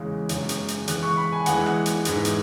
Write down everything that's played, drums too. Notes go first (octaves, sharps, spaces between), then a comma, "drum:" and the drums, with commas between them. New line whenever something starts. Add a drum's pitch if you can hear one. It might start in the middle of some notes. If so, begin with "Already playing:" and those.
Already playing: E2 C#3 G#3
F#2 C#3 G#3, drum: hi-hat
drum: hi-hat
drum: hi-hat
E2 E3 G#3 F#6, drum: hi-hat
C#6
B5
G#5
E2 E3 G#3 F#5, drum: hi-hat
drum: rim click
drum: hi-hat
G#2 E3 G#3, drum: hi-hat
drum: hi-hat